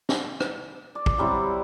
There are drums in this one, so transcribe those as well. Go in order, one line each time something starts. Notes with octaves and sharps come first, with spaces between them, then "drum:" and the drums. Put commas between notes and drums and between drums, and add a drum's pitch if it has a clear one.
drum: snare
drum: rim click
D5
drum: kick
F#3 G3 C4 E4